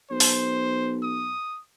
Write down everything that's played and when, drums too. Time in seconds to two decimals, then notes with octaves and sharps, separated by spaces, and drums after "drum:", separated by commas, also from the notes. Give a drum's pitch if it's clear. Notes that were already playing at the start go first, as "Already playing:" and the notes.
0.10 B1 C5
0.20 drum: open hi-hat
1.03 D#6